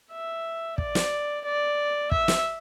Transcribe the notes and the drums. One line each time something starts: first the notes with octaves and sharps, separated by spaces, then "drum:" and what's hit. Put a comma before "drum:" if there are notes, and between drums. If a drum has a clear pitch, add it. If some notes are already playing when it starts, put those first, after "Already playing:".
E5
D5, drum: kick
drum: snare
D5
E5, drum: kick
drum: snare